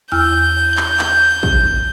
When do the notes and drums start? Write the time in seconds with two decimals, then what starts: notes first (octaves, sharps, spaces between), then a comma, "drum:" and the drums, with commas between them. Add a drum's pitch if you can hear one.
0.12 E2 E6 F6 G6
0.77 drum: clap
0.99 drum: clap
1.43 drum: kick